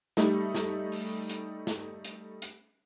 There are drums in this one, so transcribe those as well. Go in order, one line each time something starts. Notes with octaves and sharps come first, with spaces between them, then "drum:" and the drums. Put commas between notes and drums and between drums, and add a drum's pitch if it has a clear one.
G3 A3 D#4, drum: snare
drum: snare
drum: open hi-hat
drum: hi-hat
drum: snare
drum: hi-hat
drum: hi-hat